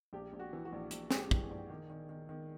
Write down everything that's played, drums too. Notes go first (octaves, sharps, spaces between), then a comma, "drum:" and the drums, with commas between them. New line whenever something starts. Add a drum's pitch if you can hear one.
A#1 G4
A#1
F#4
E3
F#4
A#1
A#1, drum: hi-hat
G#2 G#4, drum: snare
G4
E3, drum: kick
G#4
A#1
D#3
D#3
D#3
D#3